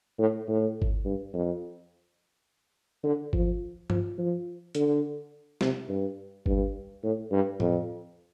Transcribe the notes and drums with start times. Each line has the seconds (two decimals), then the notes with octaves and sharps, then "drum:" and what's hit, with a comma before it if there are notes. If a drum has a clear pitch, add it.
0.18 A2
0.48 A2
0.82 drum: kick G1
1.05 G2
1.33 F2
3.03 D3
3.33 F3, drum: kick G1
3.90 F3, drum: tom G2
4.18 F3
4.75 D3, drum: hi-hat
5.61 C3, drum: snare
5.88 G2
6.46 G2, drum: kick G1
7.03 A2
7.31 G2
7.60 F2, drum: tom A2